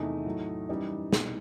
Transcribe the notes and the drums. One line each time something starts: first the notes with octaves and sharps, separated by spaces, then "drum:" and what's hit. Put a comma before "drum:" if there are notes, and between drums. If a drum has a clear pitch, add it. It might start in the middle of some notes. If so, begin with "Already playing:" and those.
Already playing: E2 C3 D#3 A3 D#4
A2 F#3 A3
F#2 E3 G3 D#4
C2 B2 G3, drum: snare